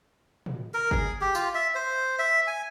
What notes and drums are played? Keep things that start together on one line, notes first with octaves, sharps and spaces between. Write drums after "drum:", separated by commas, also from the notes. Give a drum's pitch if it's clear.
drum: tom
A#4
G#4, drum: kick G1
G4
F4, drum: tambourine
E5
C5
E5
G#5